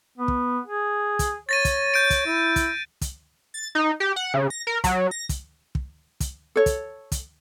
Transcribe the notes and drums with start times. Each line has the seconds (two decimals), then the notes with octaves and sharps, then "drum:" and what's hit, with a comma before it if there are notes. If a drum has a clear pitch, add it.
0.18 B3
0.28 drum: kick
0.67 G#4
1.19 drum: kick, hi-hat
1.49 C#5 A6 A#6 D#7
1.65 drum: kick, hi-hat
1.94 G6 D7
2.10 drum: kick, hi-hat
2.26 E4
2.56 drum: kick, hi-hat
3.01 drum: kick, hi-hat
3.54 A6
3.75 D#4
4.00 G4
4.16 F#5
4.34 C#3
4.50 A#6
4.67 A#4
4.84 F#3, drum: kick, hi-hat
5.11 A#6
5.29 drum: kick, hi-hat
5.75 drum: kick
6.20 drum: kick, hi-hat
6.56 A4 C#5
6.66 drum: kick, hi-hat
7.12 drum: kick, hi-hat